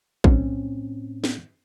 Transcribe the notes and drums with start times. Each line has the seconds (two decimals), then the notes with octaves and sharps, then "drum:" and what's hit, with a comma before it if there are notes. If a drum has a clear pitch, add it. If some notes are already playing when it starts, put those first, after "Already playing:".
0.24 B1 A2 C4 C#4, drum: kick
1.24 drum: snare